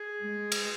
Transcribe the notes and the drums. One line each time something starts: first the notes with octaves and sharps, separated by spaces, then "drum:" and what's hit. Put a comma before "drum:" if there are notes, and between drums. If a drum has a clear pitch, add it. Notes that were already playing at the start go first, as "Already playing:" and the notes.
Already playing: G#4
G#3
drum: cymbal